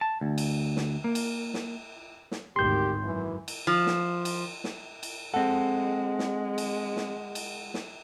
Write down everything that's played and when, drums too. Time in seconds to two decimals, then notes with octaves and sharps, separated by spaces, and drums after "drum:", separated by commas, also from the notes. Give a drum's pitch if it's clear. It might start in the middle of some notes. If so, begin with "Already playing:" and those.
0.01 A5
0.21 D2
0.38 drum: cymbal
0.76 drum: snare
1.04 A#3
1.15 drum: cymbal
1.54 drum: snare
2.31 drum: snare
2.56 G#1 D2 D#3 G4 C6 G6
3.03 F#2 E3
3.48 drum: cymbal
3.67 F3
3.86 drum: snare
4.25 drum: cymbal
4.64 drum: snare
5.03 drum: cymbal
5.34 G#3 C4 A4 F#5
6.19 drum: snare
6.58 drum: cymbal
6.97 drum: snare
7.35 drum: cymbal
7.74 drum: snare